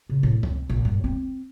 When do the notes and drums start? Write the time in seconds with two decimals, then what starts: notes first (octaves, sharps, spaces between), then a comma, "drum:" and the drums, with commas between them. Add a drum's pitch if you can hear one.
0.09 C#3
0.23 A2
0.43 C4, drum: kick C#2
0.69 A#1
0.85 G2
1.04 C4